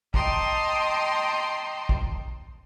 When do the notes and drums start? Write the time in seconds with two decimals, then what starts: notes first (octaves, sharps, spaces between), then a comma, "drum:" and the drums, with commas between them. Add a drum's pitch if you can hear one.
0.14 D#5 G5 A5 A#5 C6 D6, drum: kick
1.89 drum: kick